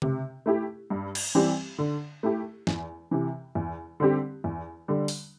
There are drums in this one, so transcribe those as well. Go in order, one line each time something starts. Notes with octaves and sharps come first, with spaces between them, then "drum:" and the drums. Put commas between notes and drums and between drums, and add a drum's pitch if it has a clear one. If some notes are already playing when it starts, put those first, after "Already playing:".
C3, drum: tom C#3
A3 E4 G4
G2
drum: cymbal
E3 G3 C4 G4
D3
A3 E4 G4
E2, drum: snare
C3 E3
E2
D3 G3 C4 G4
E2
D3 G3
drum: open hi-hat